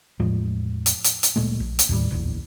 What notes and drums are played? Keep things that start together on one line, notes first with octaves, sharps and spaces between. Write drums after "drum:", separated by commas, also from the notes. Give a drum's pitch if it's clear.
E2 A2 F3 G#3
drum: hi-hat
drum: hi-hat
drum: hi-hat
D1 A#2 G#3 A3
A#1
drum: hi-hat
D#2 A2 G3
D1 A#1 E2